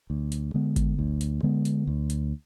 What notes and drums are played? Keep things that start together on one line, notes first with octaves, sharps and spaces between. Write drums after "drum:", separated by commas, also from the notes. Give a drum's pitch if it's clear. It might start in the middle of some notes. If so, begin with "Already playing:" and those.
D2
drum: hi-hat
D3 G#3 B3
drum: kick G#1, hi-hat
D2
drum: hi-hat
D3 G#3 B3
drum: hi-hat
D2
drum: hi-hat